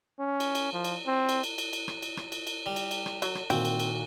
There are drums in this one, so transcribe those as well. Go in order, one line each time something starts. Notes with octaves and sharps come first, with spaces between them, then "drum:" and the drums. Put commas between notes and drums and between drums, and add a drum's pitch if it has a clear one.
C#4
drum: cymbal
drum: cymbal
F3
drum: cymbal
C4
drum: cymbal
drum: cymbal
drum: cymbal
drum: cymbal
drum: rim click
drum: cymbal
drum: rim click
drum: cymbal
drum: cymbal
G3
drum: cymbal
drum: cymbal
drum: rim click
F#3, drum: cymbal
drum: rim click
A#2 D#3 C4 F#4 G5, drum: cymbal
drum: cymbal
drum: cymbal